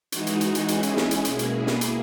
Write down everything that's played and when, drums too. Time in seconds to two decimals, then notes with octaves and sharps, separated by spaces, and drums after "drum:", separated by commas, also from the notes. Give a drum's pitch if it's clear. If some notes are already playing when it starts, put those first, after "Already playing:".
0.12 E3 G#3 D#4 F#4, drum: hi-hat
0.27 drum: hi-hat
0.41 drum: hi-hat
0.55 drum: hi-hat
0.68 G#3 C#4 E4 G#4, drum: hi-hat
0.83 drum: hi-hat
0.97 drum: snare
1.11 drum: hi-hat
1.25 B2 A#3 E4 G#4, drum: hi-hat
1.39 drum: hi-hat
1.67 drum: snare
1.81 drum: hi-hat